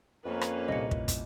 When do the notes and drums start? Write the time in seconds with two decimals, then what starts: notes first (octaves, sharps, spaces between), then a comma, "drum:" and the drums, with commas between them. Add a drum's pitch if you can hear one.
0.25 F2 A#3 C#4 B4
0.41 drum: rim click
0.68 C2 A#2 D#5 C#7
0.91 drum: kick
1.08 drum: kick, hi-hat